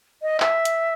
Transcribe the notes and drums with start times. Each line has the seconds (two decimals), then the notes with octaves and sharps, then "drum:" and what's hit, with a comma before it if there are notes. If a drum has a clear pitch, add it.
0.23 D#5
0.40 E5, drum: clap
0.65 drum: hi-hat